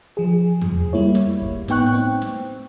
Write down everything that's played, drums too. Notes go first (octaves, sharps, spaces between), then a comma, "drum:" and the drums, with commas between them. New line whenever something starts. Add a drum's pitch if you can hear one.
F3 G#4
drum: tom E2
G3 A#3 E4 C#5
drum: snare
drum: kick
A2 B3 D#4 G5 C#6 F#6, drum: snare
C4
drum: snare